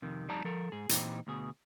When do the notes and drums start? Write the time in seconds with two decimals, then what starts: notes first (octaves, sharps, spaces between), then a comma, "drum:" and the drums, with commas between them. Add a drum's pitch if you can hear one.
0.02 F2 C3 D#3
0.28 F2 G3 D#4 D5 A5 A#5
0.44 F3 A4 A#4
0.72 G#2 G#4
0.89 A#2 E3 C4 D#4 G4, drum: hi-hat
1.27 D2 B2 G#4